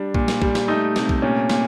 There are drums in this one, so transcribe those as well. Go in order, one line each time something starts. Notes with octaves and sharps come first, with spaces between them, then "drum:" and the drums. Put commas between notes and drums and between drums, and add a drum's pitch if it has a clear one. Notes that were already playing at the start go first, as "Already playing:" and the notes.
Already playing: G3 D4
A#2, drum: kick B1
drum: snare
G3, drum: kick B1
drum: snare
A3 D#4
C3, drum: snare
drum: kick B1
A#2 C#4
A#2, drum: snare